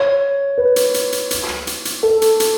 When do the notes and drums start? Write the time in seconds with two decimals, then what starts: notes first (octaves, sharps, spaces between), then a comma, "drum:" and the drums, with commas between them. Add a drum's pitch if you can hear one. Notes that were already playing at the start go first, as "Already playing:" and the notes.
Already playing: C#5
0.58 B4
0.76 drum: hi-hat
0.94 drum: hi-hat
1.12 drum: hi-hat
1.31 drum: hi-hat
1.49 drum: rim click
1.67 drum: hi-hat
1.85 drum: hi-hat
2.03 A4
2.22 drum: hi-hat
2.40 drum: hi-hat